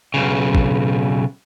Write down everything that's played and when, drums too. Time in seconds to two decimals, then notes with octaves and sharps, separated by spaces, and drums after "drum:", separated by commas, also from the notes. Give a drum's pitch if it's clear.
0.14 B1 C#3
0.55 drum: kick